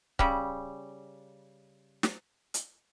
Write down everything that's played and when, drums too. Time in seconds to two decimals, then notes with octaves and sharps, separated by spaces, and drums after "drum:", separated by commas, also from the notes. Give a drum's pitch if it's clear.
0.19 C#3 G3, drum: kick C#1
2.03 drum: snare
2.54 drum: hi-hat